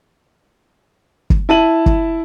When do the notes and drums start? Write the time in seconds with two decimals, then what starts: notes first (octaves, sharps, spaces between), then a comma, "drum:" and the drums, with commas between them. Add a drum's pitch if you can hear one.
1.30 drum: kick
1.49 E4 A5 D#7 F#7
1.86 drum: kick